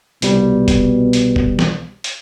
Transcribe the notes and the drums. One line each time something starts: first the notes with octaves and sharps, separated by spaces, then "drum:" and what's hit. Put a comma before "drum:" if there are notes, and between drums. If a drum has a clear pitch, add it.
C2 B2 G3, drum: hi-hat
drum: kick, hi-hat
drum: hi-hat
drum: kick
drum: snare
drum: hi-hat